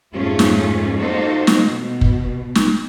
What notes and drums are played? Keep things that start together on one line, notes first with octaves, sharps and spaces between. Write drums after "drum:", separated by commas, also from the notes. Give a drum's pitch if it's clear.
F2 G#2 A3 C#4 F4 G#4
drum: snare
A#3 D#4 F4 F#4 A4 C5
drum: snare
B2
drum: kick
drum: snare